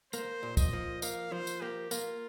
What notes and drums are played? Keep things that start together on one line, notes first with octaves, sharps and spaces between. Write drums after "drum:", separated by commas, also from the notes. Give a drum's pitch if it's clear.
A#3 C5, drum: tambourine
A#2
D#5, drum: kick, tambourine
F3
A#3 F5, drum: tambourine
F3 C5
drum: tambourine
A#3 G4
A#3 F4, drum: tambourine